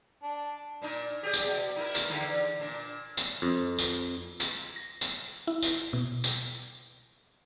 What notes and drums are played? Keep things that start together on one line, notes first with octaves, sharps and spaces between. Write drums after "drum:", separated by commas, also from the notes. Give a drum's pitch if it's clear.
D4
A#2 D4 D#4
G4 G#4 D5
drum: tambourine
B2
D#4 E4 A#4
drum: tambourine
E2 D3 D#4
A#2 D4
drum: tambourine
F2
drum: tambourine
drum: tambourine
A#6
drum: tambourine
E4
drum: tambourine
B2
drum: tambourine